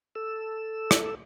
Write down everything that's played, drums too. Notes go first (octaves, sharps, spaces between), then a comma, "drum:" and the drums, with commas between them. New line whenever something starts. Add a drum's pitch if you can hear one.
A4 E6
drum: rim click